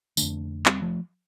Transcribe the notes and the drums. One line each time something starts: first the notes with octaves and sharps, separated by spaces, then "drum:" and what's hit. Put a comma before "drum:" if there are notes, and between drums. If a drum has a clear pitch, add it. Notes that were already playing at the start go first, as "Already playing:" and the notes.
F2 D3 A3 D4, drum: tambourine
G3 C4, drum: clap
F3 A3